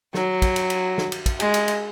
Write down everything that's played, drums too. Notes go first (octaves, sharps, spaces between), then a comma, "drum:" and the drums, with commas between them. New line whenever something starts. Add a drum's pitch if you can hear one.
F#3, drum: snare
drum: kick, cymbal
drum: cymbal
drum: cymbal
drum: snare
drum: cymbal
drum: kick, cymbal
G#3, drum: cymbal
drum: cymbal
drum: cymbal